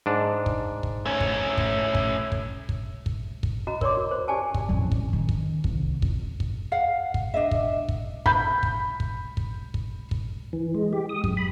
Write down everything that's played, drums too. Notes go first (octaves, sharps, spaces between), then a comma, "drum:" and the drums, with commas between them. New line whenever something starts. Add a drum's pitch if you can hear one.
G#2 D4
drum: kick
drum: kick
A3 C#4
drum: kick
drum: kick
drum: kick
drum: kick
drum: kick
drum: kick
drum: kick
F#4 D#5 A#5
A#4 C#5 D5 C6 D6, drum: kick
F#4
C5
G4 D5 G#5 A5
drum: kick
A1 F2
drum: kick
D#3
drum: kick
C2, drum: kick
F2, drum: kick
drum: kick
F5 F#5
drum: kick
D4 D#5 E5
drum: kick
drum: kick
B5 G6, drum: kick
drum: kick
drum: kick
drum: kick
drum: kick
drum: kick
E3
G#3
G4
D#6
F#2, drum: kick
B5